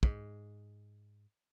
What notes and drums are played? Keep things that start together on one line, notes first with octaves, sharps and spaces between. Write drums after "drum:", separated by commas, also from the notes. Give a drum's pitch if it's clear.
G#2, drum: kick